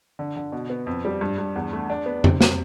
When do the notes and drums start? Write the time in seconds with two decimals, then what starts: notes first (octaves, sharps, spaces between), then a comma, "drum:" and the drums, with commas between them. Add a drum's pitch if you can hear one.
0.19 D3
0.36 D3
0.52 B2
0.70 B3
0.86 F2
1.05 G3
1.21 G2
1.38 G2
1.56 E2
1.73 A3
1.90 D4
2.06 B3
2.24 C3, drum: tom F2
2.41 C3, drum: snare